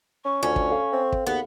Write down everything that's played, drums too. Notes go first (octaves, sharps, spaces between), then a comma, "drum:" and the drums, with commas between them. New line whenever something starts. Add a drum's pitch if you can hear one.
C#4 C#6
D2 C#4 F4 D5 F#5
drum: kick
A4 F5
C4
drum: kick
D#2 B3 G#4